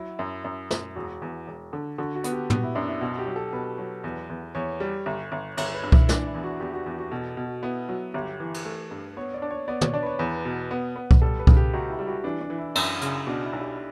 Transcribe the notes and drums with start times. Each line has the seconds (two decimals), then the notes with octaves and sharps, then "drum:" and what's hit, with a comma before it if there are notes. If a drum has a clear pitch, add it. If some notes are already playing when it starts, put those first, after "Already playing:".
Already playing: F#3 E4
0.19 F#2
0.44 F#2
0.71 F#2, drum: snare
0.96 E1 F#4
1.22 E2
1.47 E1
1.73 D3
1.98 D3 F#4
2.16 F#4
2.24 B3, drum: hi-hat
2.32 G4
2.50 B3 F#4, drum: tom
2.63 E4
2.75 F#2 D4
2.88 E4
3.01 B2 F#4
3.18 G4
3.27 F#3
3.36 A4
3.53 B2 B4
3.78 F#3
4.04 E2
4.30 E2
4.55 E2 C#5
4.80 G3
5.06 G1
5.32 G1
5.57 G1 C#5, drum: cymbal
5.75 B4
5.84 G2
5.92 E4, drum: kick C2
6.09 E3 D4, drum: snare
6.26 E4
6.35 E2
6.44 F#4
6.60 E2 G4
6.74 F#4
6.86 E2 G4
6.99 F#4
7.11 B2 A4
7.37 B2
7.45 F#4
7.62 B3 E4
7.89 F#3
8.14 G1 G4
8.40 E3
8.54 drum: cymbal
8.65 A3
8.91 G2
9.17 B3 C#5
9.34 D5
9.42 D4
9.51 C#5
9.68 B3 D5
9.81 C#5, drum: tom
9.94 D4 D5
10.03 B4
10.06 C#5
10.19 E2 B4
10.45 B2
10.71 B3
10.96 B3
11.11 drum: kick C2
11.22 G3 A4
11.39 B4
11.47 C#3, drum: kick C2
11.57 G4
11.73 C#2 F#4
11.90 E4
11.99 G3
12.08 F#4
12.24 E3 D4
12.41 D4
12.50 E3
12.58 E4
12.75 F#2, drum: cymbal
13.01 C#3, drum: hi-hat
13.27 B2 D4
13.44 E4
13.53 B1
13.61 G4